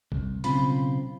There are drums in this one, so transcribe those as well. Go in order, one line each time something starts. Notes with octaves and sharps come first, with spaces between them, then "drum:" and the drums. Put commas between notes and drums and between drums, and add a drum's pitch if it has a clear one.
C2, drum: kick
B1 C#3 C4 F4 B5, drum: hi-hat